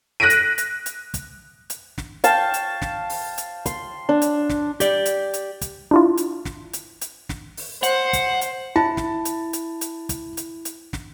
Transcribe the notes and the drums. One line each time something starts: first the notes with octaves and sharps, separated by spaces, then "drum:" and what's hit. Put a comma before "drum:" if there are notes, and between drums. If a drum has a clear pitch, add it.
F#6 A#6 B6 D7 D#7
drum: hi-hat
drum: hi-hat
drum: hi-hat
drum: kick, hi-hat
drum: hi-hat
drum: snare
F5 G5 A5 C#6, drum: hi-hat
drum: hi-hat
drum: snare
drum: open hi-hat
drum: hi-hat
C6, drum: kick, hi-hat
D4
drum: hi-hat
drum: snare
G4 D5, drum: hi-hat
drum: hi-hat
drum: hi-hat
drum: kick, hi-hat
D4 E4 F4
drum: hi-hat
drum: snare
drum: hi-hat
drum: hi-hat
drum: snare
drum: open hi-hat
C5 F#5, drum: hi-hat
drum: kick, hi-hat
drum: hi-hat
E4 A5
drum: snare
drum: hi-hat
drum: hi-hat
drum: hi-hat
drum: kick, hi-hat
drum: hi-hat
drum: hi-hat
drum: snare